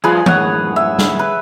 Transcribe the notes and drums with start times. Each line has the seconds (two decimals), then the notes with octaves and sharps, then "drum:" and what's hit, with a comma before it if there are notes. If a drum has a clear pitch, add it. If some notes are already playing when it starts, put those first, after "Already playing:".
0.04 F3 G3 F4 G#4 B4
0.26 F#2 A2 C#5 F#5, drum: tom E3
0.76 E5
0.99 drum: snare
1.19 B4